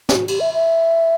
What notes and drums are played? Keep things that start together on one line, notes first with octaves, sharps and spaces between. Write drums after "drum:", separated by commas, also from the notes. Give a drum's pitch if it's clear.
G4, drum: snare
F#4
G4, drum: cymbal
E5
E5